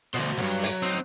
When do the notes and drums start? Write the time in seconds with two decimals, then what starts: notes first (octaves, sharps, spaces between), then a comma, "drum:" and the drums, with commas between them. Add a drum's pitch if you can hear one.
0.14 D2 B2 F#4 C5
0.38 C2 G2 F#3
0.63 drum: hi-hat
0.82 C4 D#4